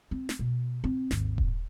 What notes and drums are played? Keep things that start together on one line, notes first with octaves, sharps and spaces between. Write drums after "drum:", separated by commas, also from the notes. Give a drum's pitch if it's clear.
C4
drum: snare
B2
C4
G#1 D#2, drum: snare
drum: kick D#1